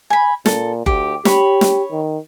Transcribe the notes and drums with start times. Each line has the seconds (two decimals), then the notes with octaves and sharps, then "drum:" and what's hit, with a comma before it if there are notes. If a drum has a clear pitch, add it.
0.10 G#5 B5
0.46 A#2 A4, drum: snare
0.86 D2 G4, drum: kick F#1
1.25 G4 C#5 B5, drum: snare
1.61 drum: snare
1.91 D#3